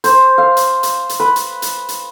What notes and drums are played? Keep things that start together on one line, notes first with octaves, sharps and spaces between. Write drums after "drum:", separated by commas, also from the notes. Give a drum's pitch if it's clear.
C5, drum: hi-hat
F5
drum: hi-hat
drum: hi-hat
drum: hi-hat
B4
drum: hi-hat
drum: hi-hat
drum: hi-hat